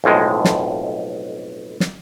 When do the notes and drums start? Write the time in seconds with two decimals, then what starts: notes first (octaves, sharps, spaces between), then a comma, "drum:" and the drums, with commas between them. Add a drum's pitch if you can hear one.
0.04 B1 F2 A2 G#3
0.45 drum: snare
1.80 drum: snare